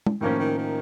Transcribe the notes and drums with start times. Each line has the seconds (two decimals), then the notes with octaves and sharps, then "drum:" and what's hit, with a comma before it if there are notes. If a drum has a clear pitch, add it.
0.06 drum: tom
0.21 A2 D#3 F3 A#3 C#4
0.39 D#3
0.58 D#3